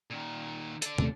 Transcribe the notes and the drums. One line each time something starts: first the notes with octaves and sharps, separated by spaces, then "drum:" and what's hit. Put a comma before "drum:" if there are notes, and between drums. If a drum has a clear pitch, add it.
A#2 D#3
A4 D5, drum: hi-hat
D#2 C3 A3, drum: tom